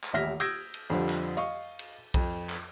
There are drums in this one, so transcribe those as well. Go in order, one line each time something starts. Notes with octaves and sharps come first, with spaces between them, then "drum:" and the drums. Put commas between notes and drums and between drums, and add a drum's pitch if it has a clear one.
drum: clap
D#1 A1 E5 F6 A#6 B6
D#6 E6 G6 G#6 A#6 D7, drum: cymbal
drum: cymbal
F2 D3 F3 G3
drum: clap
D#5 F5 C#6
drum: cymbal
F2, drum: kick B1, cymbal
drum: clap